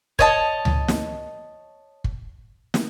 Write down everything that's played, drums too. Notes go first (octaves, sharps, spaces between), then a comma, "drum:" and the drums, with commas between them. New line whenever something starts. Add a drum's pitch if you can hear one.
C#5 D#5 A5, drum: kick
drum: tom C#2
drum: snare
drum: kick
drum: snare